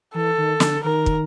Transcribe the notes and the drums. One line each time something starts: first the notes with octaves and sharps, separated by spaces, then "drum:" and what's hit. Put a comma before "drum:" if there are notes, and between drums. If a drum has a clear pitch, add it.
E3 A4
D#3
D3, drum: snare
D#3 A#4
drum: kick